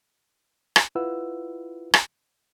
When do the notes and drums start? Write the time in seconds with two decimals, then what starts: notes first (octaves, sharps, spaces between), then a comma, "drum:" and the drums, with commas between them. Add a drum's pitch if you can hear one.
0.76 drum: rim click
0.95 E4 F4 B4 F#5 E6
1.94 drum: rim click